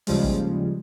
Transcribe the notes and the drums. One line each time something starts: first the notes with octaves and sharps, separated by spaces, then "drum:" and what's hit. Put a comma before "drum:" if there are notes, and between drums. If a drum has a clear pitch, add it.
D#2 C#3 F3 G3 G#3, drum: open hi-hat
drum: kick